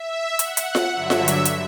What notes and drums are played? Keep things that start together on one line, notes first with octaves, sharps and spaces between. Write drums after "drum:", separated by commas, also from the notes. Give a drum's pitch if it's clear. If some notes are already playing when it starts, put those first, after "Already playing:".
Already playing: E5
F#5, drum: hi-hat
drum: hi-hat
drum: snare F4
G2 D3 F#3 E5
drum: snare F4
drum: hi-hat
drum: hi-hat